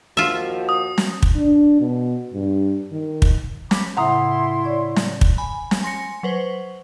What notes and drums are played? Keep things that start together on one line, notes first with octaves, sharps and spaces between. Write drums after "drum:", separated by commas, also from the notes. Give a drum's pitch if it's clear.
D#2 F3 F4 F#4 E5
D#6
drum: snare
drum: kick
D4
B2
G2
D#3
drum: kick
B5 D6, drum: snare
A2 C#3 E4 E5 F#5 A#5 C6 D#6
C#5 D5 C#6
drum: snare
drum: kick
G#5 B5
drum: snare
G#5 C6 A#6 C#7
F#3 B4 C5